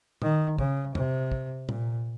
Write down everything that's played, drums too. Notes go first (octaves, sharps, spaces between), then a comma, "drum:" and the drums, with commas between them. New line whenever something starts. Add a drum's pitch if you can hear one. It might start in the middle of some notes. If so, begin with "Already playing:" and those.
D#3, drum: tom
C#3, drum: kick
C3, drum: tom
drum: kick
A#2, drum: tom